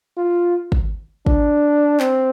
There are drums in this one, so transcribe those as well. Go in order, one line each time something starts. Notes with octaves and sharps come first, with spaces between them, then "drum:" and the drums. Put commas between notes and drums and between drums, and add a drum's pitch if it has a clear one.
F4
drum: kick
D4, drum: kick
C4, drum: clap